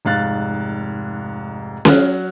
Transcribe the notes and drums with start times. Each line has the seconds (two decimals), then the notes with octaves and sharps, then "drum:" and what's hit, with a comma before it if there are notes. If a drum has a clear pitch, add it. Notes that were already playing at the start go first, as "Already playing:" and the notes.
0.05 F1 G#2 F5 F#6 A6
1.85 F#3 F6 F#6, drum: snare C#4